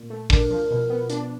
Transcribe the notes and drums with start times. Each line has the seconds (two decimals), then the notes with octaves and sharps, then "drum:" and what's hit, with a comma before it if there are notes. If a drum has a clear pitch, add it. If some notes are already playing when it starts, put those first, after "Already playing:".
Already playing: A#2
0.10 A3
0.30 D4 A#4, drum: kick, open hi-hat
0.50 F3
0.71 B2
0.90 B3
1.10 D4, drum: hi-hat